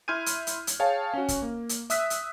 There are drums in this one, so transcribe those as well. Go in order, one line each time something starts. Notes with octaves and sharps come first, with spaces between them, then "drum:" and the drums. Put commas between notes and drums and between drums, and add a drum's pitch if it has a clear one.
E4 C6 F6 G6 G#6 D#7
drum: hi-hat
drum: hi-hat
drum: hi-hat
G#4 C#5 F5 G5 A5
C#4 F#4
drum: kick, hi-hat
A#3
drum: hi-hat
E5 D#6 E6 F#6 B6, drum: hi-hat
drum: hi-hat